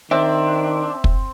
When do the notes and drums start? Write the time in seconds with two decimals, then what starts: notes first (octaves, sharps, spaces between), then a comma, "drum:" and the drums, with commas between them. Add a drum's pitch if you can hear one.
0.11 D#3 C4 D4 E5
1.04 drum: kick